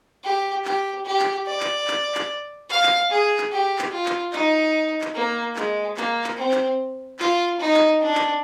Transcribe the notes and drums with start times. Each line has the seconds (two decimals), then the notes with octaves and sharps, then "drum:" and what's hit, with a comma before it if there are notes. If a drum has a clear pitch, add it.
0.24 G4
0.65 G4, drum: clap
1.05 G4
1.19 drum: clap
1.46 D5
1.60 drum: clap
1.87 drum: clap
2.15 drum: clap
2.69 F5
2.83 drum: clap
3.10 G#4
3.37 drum: clap
3.52 G4
3.78 drum: clap
3.92 F4
4.06 drum: clap
4.32 D#4, drum: clap
5.01 drum: clap
5.14 A#3
5.56 G#3, drum: clap
5.97 A#3, drum: clap
6.24 drum: clap
6.37 C4
6.51 drum: clap
7.19 F4, drum: clap
7.60 D#4
7.74 drum: clap
8.01 D4
8.15 drum: clap